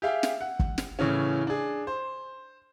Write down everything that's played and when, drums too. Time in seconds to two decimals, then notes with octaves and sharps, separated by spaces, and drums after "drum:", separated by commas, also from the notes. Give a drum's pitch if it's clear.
0.02 G4 G#4 E5 F5 G5
0.23 drum: snare
0.41 F#5
0.59 drum: kick
0.78 drum: snare
0.99 A2 C#3 E3 C#4
1.47 D4 G#4
1.87 C5